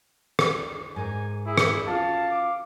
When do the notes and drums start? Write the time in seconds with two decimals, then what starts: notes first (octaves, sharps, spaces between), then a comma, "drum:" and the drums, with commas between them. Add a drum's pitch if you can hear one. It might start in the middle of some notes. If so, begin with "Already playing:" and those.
0.39 drum: rim click
0.96 G#2 A#4 G#5
1.46 E4 G#4
1.58 drum: rim click
1.87 C#4 F4 F#4 F5 A5
2.31 D6